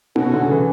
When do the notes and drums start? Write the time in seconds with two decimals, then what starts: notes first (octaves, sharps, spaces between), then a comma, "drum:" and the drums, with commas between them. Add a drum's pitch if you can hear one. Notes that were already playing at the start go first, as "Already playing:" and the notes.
0.16 B2 F#3 C#4 F#4 A4, drum: tom D#4
0.34 D3
0.43 C#3
0.51 E3